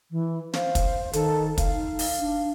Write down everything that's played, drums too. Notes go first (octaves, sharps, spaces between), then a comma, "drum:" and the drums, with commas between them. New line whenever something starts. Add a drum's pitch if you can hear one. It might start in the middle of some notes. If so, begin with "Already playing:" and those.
E3
C5 F5, drum: snare
drum: kick, hi-hat
D#3 A4, drum: hi-hat
F5, drum: kick, hi-hat
D#4
drum: open hi-hat
D4